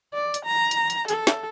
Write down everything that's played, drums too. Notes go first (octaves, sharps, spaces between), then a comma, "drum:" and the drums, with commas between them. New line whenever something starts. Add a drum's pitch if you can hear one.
D5
drum: hi-hat
A#5
drum: hi-hat
drum: hi-hat
A4, drum: hi-hat
drum: snare